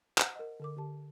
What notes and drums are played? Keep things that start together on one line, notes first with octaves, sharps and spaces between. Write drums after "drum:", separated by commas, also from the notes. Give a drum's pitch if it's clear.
C5 F#5, drum: clap
A#4 D#5
D3 A#4 D6
D3 G4 A5